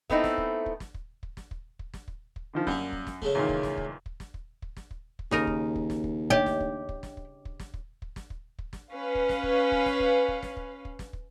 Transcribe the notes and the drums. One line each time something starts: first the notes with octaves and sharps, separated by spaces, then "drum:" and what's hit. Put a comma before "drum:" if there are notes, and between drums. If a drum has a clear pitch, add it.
A3 B3 C4 D#4 E4, drum: kick
drum: snare
drum: kick
drum: kick
drum: snare
drum: kick
drum: kick
drum: snare
drum: kick
drum: kick
drum: snare
drum: kick
drum: kick
D3 D#3 F3
F#2 G3 A#3, drum: kick
drum: kick
drum: snare
C#3 G#3 A3, drum: kick
E2 A#2 D#3
drum: kick
drum: snare
drum: kick
drum: kick
drum: snare
drum: kick
drum: kick
drum: snare
drum: kick
drum: kick
D#2 C#3 D#4 A#4, drum: snare
drum: kick
drum: kick
drum: snare
drum: kick
D4 G4 C#5 D#5, drum: kick
drum: snare
drum: kick
drum: kick
drum: snare
drum: kick
drum: kick
drum: snare
drum: kick
drum: kick
drum: snare
drum: kick
drum: kick
drum: snare
C#4 B4 F5
drum: kick
drum: snare
drum: kick
drum: kick
drum: snare
drum: kick
drum: kick
drum: snare
drum: kick
drum: kick
drum: snare
drum: kick